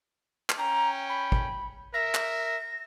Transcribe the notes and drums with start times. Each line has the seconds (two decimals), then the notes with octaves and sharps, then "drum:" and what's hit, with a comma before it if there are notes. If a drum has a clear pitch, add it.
0.50 drum: clap
0.59 C#4 G5 A#5
1.09 B5
1.32 drum: kick
1.94 A#4 E5 A#6
2.14 drum: clap